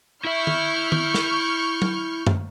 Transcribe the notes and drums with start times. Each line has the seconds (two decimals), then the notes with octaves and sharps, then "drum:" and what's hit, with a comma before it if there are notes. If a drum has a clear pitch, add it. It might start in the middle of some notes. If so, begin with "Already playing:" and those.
0.25 E4 E5 C#6 F6 G6
0.47 drum: tom D#3
0.92 drum: tom D#3
1.14 drum: snare
1.82 drum: tom F#3
2.27 drum: tom F#2